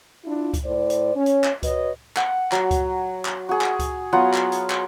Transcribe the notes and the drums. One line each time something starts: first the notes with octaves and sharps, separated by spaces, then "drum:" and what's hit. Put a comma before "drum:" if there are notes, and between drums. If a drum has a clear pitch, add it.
D4 E4 F4
drum: kick C#2, hi-hat
A2 C5 D5
drum: hi-hat
C#4 C#5
drum: hi-hat
drum: clap
F#4 B4 C#5 D#5, drum: kick C#2, hi-hat
F#5, drum: clap
F#3, drum: clap
drum: kick C#2, hi-hat
drum: clap
F#4 G#4
drum: clap
drum: kick C#2, hi-hat
F#3 B3 F4 F#5
drum: clap
drum: hi-hat
drum: clap